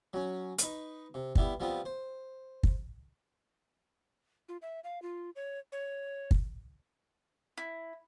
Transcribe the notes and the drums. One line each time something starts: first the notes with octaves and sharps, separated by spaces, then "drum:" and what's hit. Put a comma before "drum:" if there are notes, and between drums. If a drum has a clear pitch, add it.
F#3 C#4
D#4 B4 C#6, drum: hi-hat
C3
G3 B3 E4 G4, drum: kick
F3 G3 B3 C4 F4
C5
drum: kick
F4
E5
F5
F4
C#5
C#5
drum: kick
E4